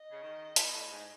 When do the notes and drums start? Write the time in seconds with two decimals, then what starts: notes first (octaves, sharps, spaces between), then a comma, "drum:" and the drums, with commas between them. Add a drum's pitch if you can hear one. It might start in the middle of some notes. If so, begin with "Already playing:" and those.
Already playing: D#5
0.11 C#3
0.21 D#3
0.56 B2, drum: hi-hat
0.74 A2
0.92 G#2